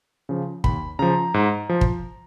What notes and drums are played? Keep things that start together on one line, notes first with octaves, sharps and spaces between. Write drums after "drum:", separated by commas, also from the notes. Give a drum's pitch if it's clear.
C#3 F3
D#2 B5, drum: kick
C#3 F3 A#5
G#2
F3
drum: kick